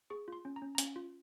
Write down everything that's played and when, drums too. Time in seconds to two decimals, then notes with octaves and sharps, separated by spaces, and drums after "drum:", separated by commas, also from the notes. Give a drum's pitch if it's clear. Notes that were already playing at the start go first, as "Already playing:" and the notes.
0.10 G#4 C#6
0.28 F4 C6
0.45 C#4
0.56 A#5
0.62 C#4
0.75 A#5
0.78 C#4 G#5, drum: hi-hat
0.96 F4